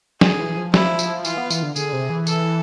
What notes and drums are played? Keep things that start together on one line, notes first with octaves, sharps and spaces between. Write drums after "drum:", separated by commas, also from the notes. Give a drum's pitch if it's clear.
D3 G#4, drum: snare
E3
F3
E4, drum: snare
drum: tambourine
E3 F4, drum: tambourine
B3
E3, drum: tambourine
D3
D3 G#4, drum: tambourine
C3
E3
A4, drum: tambourine